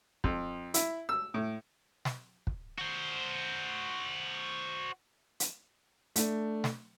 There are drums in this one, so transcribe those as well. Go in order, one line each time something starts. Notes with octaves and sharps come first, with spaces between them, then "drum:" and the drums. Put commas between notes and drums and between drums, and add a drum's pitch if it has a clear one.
F2, drum: kick
E4, drum: hi-hat
E6
A2
drum: snare
drum: kick
F#4 C5
drum: hi-hat
A3 D4, drum: hi-hat
drum: snare